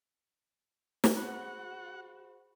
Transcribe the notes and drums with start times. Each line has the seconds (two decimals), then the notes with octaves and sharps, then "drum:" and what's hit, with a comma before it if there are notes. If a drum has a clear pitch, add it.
1.04 drum: snare
1.16 F#4 G#4 C5 F#5 B5